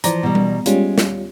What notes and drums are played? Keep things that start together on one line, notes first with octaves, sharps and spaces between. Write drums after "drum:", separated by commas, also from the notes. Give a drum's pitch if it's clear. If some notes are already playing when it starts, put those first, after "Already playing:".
E3 F3 D5 A#5, drum: hi-hat
B2 G3
drum: tom G3
G3 G#3 C#4 F4, drum: hi-hat
drum: snare